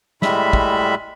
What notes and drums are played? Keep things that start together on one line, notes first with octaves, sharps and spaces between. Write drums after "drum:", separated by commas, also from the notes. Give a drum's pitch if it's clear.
A2 G3 G#3 E5 B5, drum: snare
drum: kick